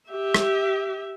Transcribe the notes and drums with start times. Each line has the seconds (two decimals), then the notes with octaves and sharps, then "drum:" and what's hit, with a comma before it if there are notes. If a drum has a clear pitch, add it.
0.10 G4 E5
0.34 drum: rim click